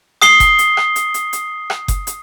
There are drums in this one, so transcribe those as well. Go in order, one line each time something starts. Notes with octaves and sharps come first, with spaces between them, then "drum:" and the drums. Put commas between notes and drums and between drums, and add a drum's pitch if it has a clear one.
D#6 C7 G7, drum: rim click
drum: kick F#1, hi-hat
drum: hi-hat
drum: rim click
drum: hi-hat
drum: hi-hat
drum: hi-hat
drum: rim click
drum: kick F#1, hi-hat
drum: hi-hat